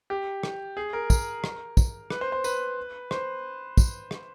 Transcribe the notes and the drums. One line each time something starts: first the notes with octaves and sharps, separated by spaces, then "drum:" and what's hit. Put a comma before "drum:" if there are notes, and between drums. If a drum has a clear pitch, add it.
G4
drum: rim click
G#4
A#4
A#4, drum: kick, tambourine
drum: rim click
drum: kick, tambourine
B4, drum: rim click
C5
C5
B4, drum: tambourine
C5, drum: rim click
drum: kick, tambourine
drum: rim click